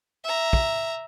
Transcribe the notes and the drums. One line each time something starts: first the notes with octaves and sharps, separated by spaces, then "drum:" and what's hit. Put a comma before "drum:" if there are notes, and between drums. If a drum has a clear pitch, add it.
E5 A#5
drum: kick